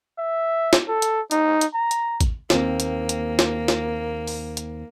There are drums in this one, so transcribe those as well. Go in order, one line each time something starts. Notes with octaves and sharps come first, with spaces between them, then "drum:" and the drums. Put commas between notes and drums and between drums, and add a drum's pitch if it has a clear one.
E5
drum: snare
A4
drum: hi-hat
D#4, drum: hi-hat
drum: hi-hat
A#5
drum: hi-hat
drum: kick, hi-hat
D#2 A#3 C4, drum: snare
drum: hi-hat
drum: hi-hat
drum: snare
drum: snare
drum: open hi-hat
drum: hi-hat